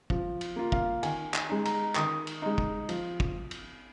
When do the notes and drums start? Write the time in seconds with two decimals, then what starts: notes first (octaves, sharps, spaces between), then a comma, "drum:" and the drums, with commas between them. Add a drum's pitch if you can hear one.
0.10 F3, drum: kick
0.41 drum: cymbal
0.56 A#3 F4
0.72 F5, drum: kick
1.03 D#3 G#5, drum: cymbal
1.34 G#5, drum: clap
1.49 G#3 D#4
1.65 A#5, drum: cymbal
1.95 D#3 D#6, drum: clap
2.27 drum: cymbal
2.42 G#3 D#4
2.58 drum: kick
2.89 F3, drum: cymbal
3.20 drum: kick
3.51 drum: cymbal